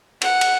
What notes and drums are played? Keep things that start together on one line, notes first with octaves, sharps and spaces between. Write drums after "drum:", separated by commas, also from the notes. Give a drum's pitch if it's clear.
F#5, drum: cymbal
drum: cymbal